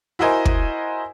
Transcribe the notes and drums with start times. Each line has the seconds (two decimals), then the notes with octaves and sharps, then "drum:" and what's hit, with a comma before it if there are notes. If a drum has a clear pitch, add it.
0.19 E4 F#4 A#4 C5 D#5 G#5
0.45 drum: kick